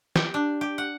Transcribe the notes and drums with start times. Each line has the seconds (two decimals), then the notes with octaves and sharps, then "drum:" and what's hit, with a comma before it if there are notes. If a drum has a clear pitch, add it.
0.16 G4, drum: snare
0.34 D4
0.61 G4
0.78 F#5